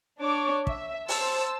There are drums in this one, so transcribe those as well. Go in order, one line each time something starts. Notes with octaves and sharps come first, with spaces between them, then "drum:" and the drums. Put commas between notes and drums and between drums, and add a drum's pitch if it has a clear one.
D4 C#5 D6
E5, drum: kick
C5 A5 E6, drum: open hi-hat